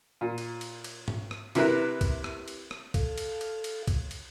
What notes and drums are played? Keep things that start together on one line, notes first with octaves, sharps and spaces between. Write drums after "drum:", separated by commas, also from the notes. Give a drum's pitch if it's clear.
A#2
drum: cymbal
drum: cymbal
drum: cymbal
drum: tom G#2
drum: rim click
C3 E4 A#4 B4 F#6, drum: cymbal
drum: kick, cymbal
drum: rim click
drum: cymbal
drum: rim click
A4 F5, drum: kick, cymbal
drum: cymbal
drum: cymbal
drum: cymbal
drum: kick, cymbal
drum: cymbal